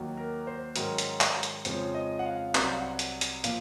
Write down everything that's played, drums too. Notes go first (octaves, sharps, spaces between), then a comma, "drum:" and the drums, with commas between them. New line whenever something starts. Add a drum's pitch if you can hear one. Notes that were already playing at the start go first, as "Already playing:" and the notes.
Already playing: D#2 D#3 F#3
A#4
C5
G#2 D#3 F#3 C#4 A#4, drum: hi-hat
drum: hi-hat
drum: clap
drum: hi-hat
F2 C#3 F3 G#3 C#4 C5, drum: hi-hat
D#5
F#5
F5
C2 C3 F#3 C4, drum: clap
F#5
F5
F#5
drum: hi-hat
drum: hi-hat
A#2 F3 F5, drum: hi-hat